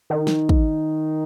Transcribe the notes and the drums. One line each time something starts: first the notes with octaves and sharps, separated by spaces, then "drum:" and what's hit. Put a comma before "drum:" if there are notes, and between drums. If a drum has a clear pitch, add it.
D#3
drum: snare
drum: kick